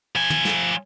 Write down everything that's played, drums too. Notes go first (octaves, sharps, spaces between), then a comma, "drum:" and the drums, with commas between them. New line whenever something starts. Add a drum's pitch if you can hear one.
F3 G#5
drum: tom
drum: snare